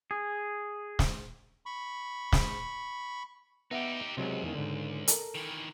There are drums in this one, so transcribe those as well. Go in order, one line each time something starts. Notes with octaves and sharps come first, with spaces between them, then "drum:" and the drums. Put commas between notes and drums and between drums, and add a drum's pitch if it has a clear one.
G#4
drum: snare
B5 C#6
drum: snare
B3 D#4 G4 E5 F#5
C#2 C3 F#3 G#3
E2 D#3
G#2 D3
A4 A#4, drum: hi-hat
D#3 E3